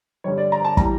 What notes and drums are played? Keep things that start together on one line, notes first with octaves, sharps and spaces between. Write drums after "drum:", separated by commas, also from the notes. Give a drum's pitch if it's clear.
G2 D3 G3 C#5
D5
A#5
A5
E3 G3 A#5, drum: kick